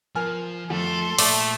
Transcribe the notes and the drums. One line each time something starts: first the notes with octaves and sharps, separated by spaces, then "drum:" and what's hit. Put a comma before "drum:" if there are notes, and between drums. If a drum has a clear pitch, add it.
F3 A#4 G#5 F6
F2 A3 A4 C6
A#2 A3 D5 A5 D6, drum: open hi-hat